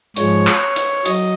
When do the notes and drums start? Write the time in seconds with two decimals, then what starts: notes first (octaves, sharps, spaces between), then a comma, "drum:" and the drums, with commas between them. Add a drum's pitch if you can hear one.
0.16 G#2 F3 G#3 C#5, drum: hi-hat
0.47 drum: clap
0.76 drum: hi-hat
1.05 F#3 D#5, drum: hi-hat